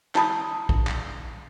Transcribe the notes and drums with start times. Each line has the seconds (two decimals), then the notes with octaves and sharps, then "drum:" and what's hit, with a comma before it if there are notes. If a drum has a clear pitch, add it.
0.15 E4 A5 B5 D#6, drum: clap
0.69 drum: kick A#1
0.87 drum: clap